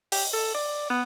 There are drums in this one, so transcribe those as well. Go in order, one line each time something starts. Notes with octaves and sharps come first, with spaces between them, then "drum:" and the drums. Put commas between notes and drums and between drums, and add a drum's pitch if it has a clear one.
G4, drum: open hi-hat
A4
D5
B3